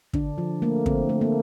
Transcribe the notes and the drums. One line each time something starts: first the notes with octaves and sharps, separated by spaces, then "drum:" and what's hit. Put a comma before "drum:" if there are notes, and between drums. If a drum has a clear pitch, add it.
D3 D4, drum: kick
F3
A3 A#3
D3 C4, drum: kick
A3
A#3